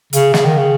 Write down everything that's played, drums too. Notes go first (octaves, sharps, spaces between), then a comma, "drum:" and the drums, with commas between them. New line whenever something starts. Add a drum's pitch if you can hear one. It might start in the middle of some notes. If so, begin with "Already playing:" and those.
C#3, drum: hi-hat
C#3, drum: snare
D#3
C#3